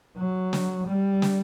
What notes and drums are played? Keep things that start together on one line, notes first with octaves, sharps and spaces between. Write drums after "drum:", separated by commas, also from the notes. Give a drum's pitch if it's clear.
F#3
drum: snare
G3
drum: snare